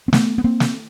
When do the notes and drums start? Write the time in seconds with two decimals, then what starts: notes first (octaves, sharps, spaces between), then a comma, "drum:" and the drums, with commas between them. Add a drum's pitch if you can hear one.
0.08 C4
0.13 A3 B3, drum: snare
0.38 B3
0.44 A#3 C4
0.60 drum: snare